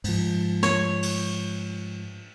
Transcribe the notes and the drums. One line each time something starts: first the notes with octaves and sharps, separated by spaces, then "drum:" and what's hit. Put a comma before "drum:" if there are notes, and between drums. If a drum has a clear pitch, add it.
G#2 F3, drum: cymbal
C#5, drum: snare
drum: cymbal